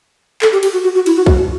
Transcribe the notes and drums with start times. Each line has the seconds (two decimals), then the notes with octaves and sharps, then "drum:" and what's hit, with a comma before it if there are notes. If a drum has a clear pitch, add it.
0.42 A4, drum: clap
0.52 G4
0.63 G4, drum: cymbal
0.73 F#4
0.84 F#4
0.95 F#4
1.06 E4, drum: cymbal
1.16 F#4
1.26 F#4, drum: kick